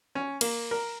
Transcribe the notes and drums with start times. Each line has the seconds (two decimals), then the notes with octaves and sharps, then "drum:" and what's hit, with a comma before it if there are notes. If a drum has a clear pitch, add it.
0.15 C#4
0.41 A#3, drum: cymbal
0.71 A#4